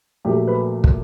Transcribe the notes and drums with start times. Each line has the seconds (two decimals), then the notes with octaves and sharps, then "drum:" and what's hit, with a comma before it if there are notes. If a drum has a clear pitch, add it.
0.25 A#1 A#2 F#3 A3 G4
0.47 B4
0.84 drum: kick